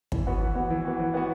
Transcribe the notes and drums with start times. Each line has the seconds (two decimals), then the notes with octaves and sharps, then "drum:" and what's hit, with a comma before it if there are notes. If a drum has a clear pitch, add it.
0.12 E3, drum: kick
0.27 B3 F#4
0.41 E3
0.55 B3 F#4
0.70 E3
0.85 B3 F#4
1.00 E3
1.14 B3 F#4